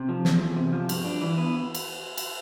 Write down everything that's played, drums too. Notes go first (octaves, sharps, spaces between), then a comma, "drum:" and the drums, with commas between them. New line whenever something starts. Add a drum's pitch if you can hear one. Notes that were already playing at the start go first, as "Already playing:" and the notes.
Already playing: C3
F3
E2, drum: snare
E2
C3
F3
G2, drum: cymbal
D4
E3
B3
drum: cymbal
drum: cymbal